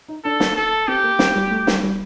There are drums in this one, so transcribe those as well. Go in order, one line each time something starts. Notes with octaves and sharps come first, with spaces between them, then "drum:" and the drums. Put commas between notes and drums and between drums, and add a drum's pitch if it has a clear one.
D#4
D4 A4
drum: snare
A4
C4 G4
A#3
C4, drum: snare
G3
A3
G3, drum: snare
G3